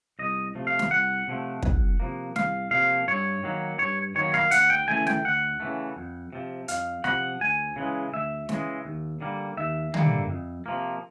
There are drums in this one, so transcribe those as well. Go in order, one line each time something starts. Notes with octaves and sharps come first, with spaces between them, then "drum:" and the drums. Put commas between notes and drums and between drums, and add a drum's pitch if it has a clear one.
C2 D#5
C3 F3 A3
F5
drum: snare
C2 F#5
C3 F3 A3
C2, drum: kick
C3 F3 A#3
C2 F5, drum: snare
C3 F3 A#3 F5
G2 C#5
D#3 F#3 A#3
G2 C#5
D#3 F#3 A#3 C#5
F5, drum: rim click
D2 F#5, drum: hi-hat
G5
C#3 E3 A3 G#5
G5, drum: snare
D2 F#5
C#3 E3 A3
F2
C3 F3
F2 F5, drum: hi-hat
C3 F3 F#5, drum: rim click
D2 G#5
C#3 E3 G#3
D2 E5
C#3 E3 G#3, drum: snare
D#2
D3 G3 A#3
D#2 E5
D3 G3 A#3, drum: tom
F2
C3 F3 A#3